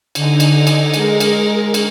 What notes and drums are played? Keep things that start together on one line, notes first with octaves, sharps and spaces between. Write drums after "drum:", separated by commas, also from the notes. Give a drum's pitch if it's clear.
D3 D#4 G#5, drum: cymbal
drum: cymbal
drum: cymbal
G#3 G#4 A#4, drum: cymbal
drum: cymbal
drum: cymbal